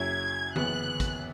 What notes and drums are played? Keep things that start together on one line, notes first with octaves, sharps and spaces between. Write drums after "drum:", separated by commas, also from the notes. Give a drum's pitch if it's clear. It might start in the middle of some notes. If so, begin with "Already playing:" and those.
Already playing: F#1 F#2 F#3 C#4 E4 G#6
F#1 F#2 E3 B3 F#6, drum: tom D3
drum: kick, hi-hat